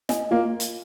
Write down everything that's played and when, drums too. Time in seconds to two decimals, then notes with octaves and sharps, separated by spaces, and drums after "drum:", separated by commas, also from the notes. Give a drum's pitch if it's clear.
0.09 D#5 G#5, drum: snare
0.31 A#3 F4
0.60 drum: hi-hat